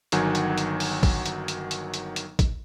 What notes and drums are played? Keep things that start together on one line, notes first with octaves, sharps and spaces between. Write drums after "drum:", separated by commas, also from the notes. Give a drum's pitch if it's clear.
G1 D#3 F#3 F#5 G#5, drum: hi-hat
drum: hi-hat
drum: hi-hat
drum: open hi-hat
drum: kick, open hi-hat
drum: hi-hat
drum: hi-hat
drum: hi-hat
drum: hi-hat
drum: hi-hat
drum: kick, hi-hat